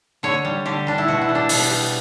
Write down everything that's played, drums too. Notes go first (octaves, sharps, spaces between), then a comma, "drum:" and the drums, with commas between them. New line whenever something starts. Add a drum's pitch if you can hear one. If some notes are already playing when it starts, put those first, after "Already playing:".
D3 C#5
G3
D3 G4
G3 D4
E4
B2 F#4
E4
G3
D4
B2 B3, drum: open hi-hat
G3